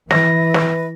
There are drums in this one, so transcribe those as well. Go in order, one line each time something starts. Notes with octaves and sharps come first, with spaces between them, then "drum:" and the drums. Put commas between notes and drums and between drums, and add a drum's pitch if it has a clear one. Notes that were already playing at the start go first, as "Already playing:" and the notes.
E3 B4 E5 A#6, drum: snare
drum: snare